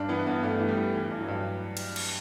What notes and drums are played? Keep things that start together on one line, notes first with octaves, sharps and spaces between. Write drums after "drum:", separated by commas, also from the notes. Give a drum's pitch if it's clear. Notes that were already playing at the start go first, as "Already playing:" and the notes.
Already playing: G2 D4
E3 B3
G2 B3
G2 A3
E3
G3
E3
E3
G2
F#3
G2
drum: cymbal
drum: cymbal